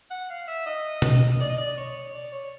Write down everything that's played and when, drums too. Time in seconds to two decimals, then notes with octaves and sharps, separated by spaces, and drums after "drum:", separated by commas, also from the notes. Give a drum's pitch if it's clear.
0.11 F#5
0.30 F5
0.48 E5
0.66 D#5
1.02 drum: tom B2
1.40 D5
1.49 D#5
1.57 D5
1.77 C#5
2.14 D5
2.32 C#5